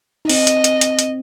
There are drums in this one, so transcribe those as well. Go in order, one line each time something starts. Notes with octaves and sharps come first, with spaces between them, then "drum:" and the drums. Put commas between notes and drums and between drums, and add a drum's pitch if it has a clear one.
D#4
C4 D#5, drum: open hi-hat
drum: hi-hat
drum: hi-hat
drum: hi-hat
drum: hi-hat